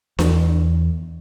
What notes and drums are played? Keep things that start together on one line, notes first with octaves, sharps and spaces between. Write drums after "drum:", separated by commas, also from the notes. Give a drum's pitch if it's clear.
E2, drum: snare D4